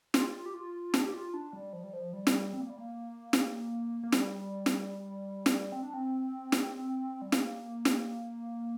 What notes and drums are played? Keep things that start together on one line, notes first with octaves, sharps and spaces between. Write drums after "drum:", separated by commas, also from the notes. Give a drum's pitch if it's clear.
F4, drum: snare
G4
F4
D4, drum: snare
G4
F4
D4
G3
F3
G3
F3
G3
drum: snare
C4
A#3
G3
A#3
drum: snare
A#3
G3, drum: snare
drum: snare
drum: snare
C4
D4
C4
drum: snare
G3
A#3, drum: snare
drum: snare